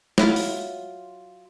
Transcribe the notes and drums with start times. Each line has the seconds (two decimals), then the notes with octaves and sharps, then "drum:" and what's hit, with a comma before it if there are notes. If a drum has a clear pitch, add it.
0.18 F#3 E4 F4, drum: snare
0.36 drum: open hi-hat